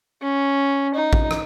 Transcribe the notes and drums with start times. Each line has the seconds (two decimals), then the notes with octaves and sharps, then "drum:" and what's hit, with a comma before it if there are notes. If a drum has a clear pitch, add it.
0.22 C#4
0.94 D#4
1.13 drum: kick A1
1.31 drum: rim click